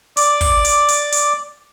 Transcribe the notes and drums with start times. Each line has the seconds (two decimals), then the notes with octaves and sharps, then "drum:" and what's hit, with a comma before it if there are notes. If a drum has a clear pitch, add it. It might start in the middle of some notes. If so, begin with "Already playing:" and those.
0.17 D5 D6, drum: hi-hat
0.41 drum: kick, open hi-hat
0.65 drum: hi-hat
0.88 drum: hi-hat
1.12 drum: hi-hat